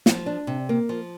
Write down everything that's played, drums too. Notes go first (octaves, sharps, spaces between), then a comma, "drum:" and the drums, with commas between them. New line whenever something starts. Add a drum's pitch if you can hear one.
F3, drum: snare
D4
C3
A#3
F3